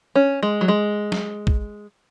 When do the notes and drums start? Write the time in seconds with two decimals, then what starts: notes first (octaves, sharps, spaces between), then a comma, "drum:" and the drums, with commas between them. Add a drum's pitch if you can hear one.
0.16 C#4
0.43 G#3
0.61 F#3
0.68 G#3
1.12 drum: snare
1.47 drum: kick